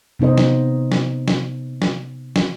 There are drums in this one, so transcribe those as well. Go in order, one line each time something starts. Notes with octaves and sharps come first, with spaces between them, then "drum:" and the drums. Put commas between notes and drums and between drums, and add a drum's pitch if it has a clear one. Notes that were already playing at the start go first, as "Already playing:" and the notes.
C3 B3 D#4 C5 D#5
drum: snare
drum: snare
drum: snare
drum: snare
drum: snare